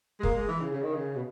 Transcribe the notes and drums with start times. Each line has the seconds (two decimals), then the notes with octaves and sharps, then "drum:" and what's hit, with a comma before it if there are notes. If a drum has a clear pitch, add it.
0.20 G#3
0.23 A#3, drum: kick
0.35 G#3
0.48 E3
0.60 C#3
0.73 C#3
0.83 D#3
0.94 C#3
1.15 B2